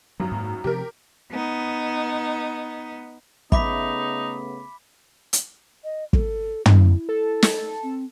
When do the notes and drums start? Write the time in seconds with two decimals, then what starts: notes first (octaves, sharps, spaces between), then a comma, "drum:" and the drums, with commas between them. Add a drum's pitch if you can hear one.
0.20 G#1 F#2 F#3
0.31 G#2 A#3
0.64 C3 F3 G4 A#4
1.32 B3 D#4
3.52 C#3 A3 B3 D#4 E5 B5 D6 B6, drum: kick
5.33 drum: hi-hat
5.84 D#5
6.13 A4, drum: kick
6.66 E4, drum: tom
7.09 A4
7.42 drum: snare
7.83 C4